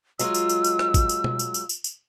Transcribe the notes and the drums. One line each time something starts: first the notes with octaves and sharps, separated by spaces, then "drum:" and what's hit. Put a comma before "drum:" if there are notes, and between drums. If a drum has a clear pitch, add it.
F#3 G#3 F4 E6, drum: tambourine
drum: tambourine
drum: tambourine
drum: tambourine
drum: rim click
drum: kick G#1, tambourine
drum: tambourine
drum: tom B2
drum: tambourine
drum: tambourine
drum: tambourine
drum: tambourine